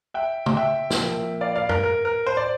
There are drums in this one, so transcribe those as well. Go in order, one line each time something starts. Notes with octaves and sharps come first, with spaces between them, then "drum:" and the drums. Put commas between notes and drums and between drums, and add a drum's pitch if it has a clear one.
E5 G5
drum: tom
E5 G5
drum: snare
A#2 F3 A#3
D5 F5
D5 F5
A#4, drum: tom F#2
A#4
A#4
C5
D5